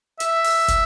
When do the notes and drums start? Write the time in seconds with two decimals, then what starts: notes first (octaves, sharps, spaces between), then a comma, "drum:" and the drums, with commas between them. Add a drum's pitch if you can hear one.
0.20 E5, drum: hi-hat
0.44 drum: open hi-hat
0.68 drum: kick, hi-hat